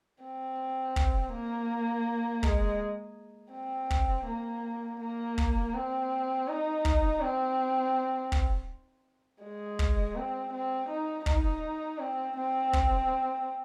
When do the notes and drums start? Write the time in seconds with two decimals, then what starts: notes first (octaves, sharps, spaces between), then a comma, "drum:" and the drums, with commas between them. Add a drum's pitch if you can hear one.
0.23 C4
0.96 drum: kick
1.33 A#3
2.43 G#3, drum: kick
3.53 C4
3.90 drum: kick
4.27 A#3
5.01 A#3
5.38 drum: kick
5.74 C4
6.48 D#4
6.85 drum: kick
7.21 C4
8.32 drum: kick
9.43 G#3
9.79 drum: kick
10.16 C4
10.53 C4
10.89 D#4
11.26 D#4, drum: kick
11.99 C4
12.37 C4
12.73 drum: kick